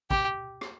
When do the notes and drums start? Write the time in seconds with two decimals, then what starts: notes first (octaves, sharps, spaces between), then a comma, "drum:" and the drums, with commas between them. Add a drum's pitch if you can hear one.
0.11 G4, drum: kick
0.61 drum: rim click